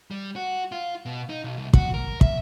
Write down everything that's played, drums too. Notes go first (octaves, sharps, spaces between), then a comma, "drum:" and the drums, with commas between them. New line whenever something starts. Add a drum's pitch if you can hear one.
G3
F#4
F4
B2
D#4
B1
C2
F#4, drum: kick
A#4
E5, drum: kick